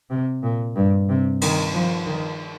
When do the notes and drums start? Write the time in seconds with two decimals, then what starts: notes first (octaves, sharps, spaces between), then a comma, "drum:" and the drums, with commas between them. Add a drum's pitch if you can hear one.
0.10 C3
0.43 A#2
0.76 G2
1.09 C3
1.41 D#3, drum: cymbal
1.74 F3
2.07 D#3